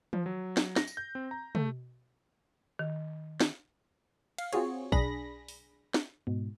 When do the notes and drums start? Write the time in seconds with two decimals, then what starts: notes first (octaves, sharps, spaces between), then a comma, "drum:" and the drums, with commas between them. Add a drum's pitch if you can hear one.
0.13 F3, drum: tom
0.26 F#3
0.57 drum: snare
0.76 A#6, drum: snare
0.87 drum: tambourine
0.97 G6
1.15 C4
1.31 A#5
1.55 A3, drum: tom
2.79 D#3
3.41 drum: snare
4.38 F5, drum: cymbal
4.53 C4 F4 F#4 G#4 C#5, drum: cymbal
4.92 B1 D4 G#4 B5 A#6, drum: kick
5.48 drum: open hi-hat
5.94 drum: snare
6.27 G#2 B2